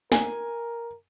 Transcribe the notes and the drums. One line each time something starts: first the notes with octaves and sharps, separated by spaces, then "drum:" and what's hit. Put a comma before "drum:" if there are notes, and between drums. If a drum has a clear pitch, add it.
A#4 G#5, drum: snare